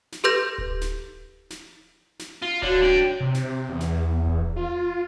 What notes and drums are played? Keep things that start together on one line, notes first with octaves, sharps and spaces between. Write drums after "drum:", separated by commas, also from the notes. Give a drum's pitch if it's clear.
drum: snare
G4 A4 B4 C6 G6 A#6
drum: kick D1
drum: snare
drum: snare
drum: snare
F4
D3 D4 F#4 C#5, drum: kick D1
D4 G5
C3
drum: snare
E2
drum: snare
drum: kick D1
F4